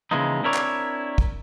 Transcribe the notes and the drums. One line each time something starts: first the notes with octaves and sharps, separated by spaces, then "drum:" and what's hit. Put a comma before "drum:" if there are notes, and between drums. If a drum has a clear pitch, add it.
C#3 E3 F3 G#3 A#3 D#4
C4 D4 E4 A#4 C#5 D5
drum: clap
drum: kick